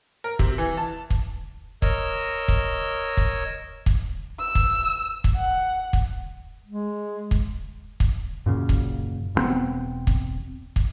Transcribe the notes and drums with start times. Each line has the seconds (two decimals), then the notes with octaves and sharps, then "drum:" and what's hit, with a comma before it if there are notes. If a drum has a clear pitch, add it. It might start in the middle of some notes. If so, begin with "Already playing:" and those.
0.24 A#4
0.39 C3, drum: kick
0.58 E3
0.77 A5
1.10 drum: kick
1.82 A#4 C#5 D#5 E6, drum: kick
2.48 drum: kick
3.17 drum: kick
3.86 drum: kick
4.40 E6
4.55 drum: kick
5.24 drum: kick
5.36 F#5
5.93 drum: kick
6.66 G#3
7.31 drum: kick
8.00 drum: kick
8.46 F#2 A#2 C#3
8.69 drum: kick
9.35 E1 G2 B3 C4
10.07 drum: kick
10.76 drum: kick